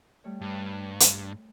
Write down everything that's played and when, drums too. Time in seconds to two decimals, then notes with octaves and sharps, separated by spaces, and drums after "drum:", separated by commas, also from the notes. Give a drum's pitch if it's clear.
0.24 G3 A3 C#5
0.41 G2
1.00 drum: hi-hat